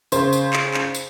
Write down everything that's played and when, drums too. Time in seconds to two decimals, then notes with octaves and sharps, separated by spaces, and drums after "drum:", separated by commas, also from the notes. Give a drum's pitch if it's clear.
0.12 C#3 C5, drum: tambourine
0.33 drum: tambourine
0.53 drum: clap
0.74 drum: clap
0.95 drum: tambourine